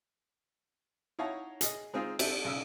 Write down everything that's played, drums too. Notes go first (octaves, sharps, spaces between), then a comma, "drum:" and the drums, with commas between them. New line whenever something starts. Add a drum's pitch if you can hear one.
D#4 E4 C#5 F5 F#5 A5
G#4 D#5, drum: hi-hat
G#3 C4 D#4 F4 G#4
C4 D4 G4 A4 E5, drum: cymbal
B1 C#3 E6